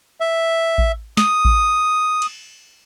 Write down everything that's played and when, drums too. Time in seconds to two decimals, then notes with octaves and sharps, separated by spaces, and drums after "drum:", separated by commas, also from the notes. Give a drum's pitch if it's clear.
0.20 E5
0.78 drum: kick A1
1.17 D#6, drum: snare
1.45 drum: kick A1
2.22 drum: cymbal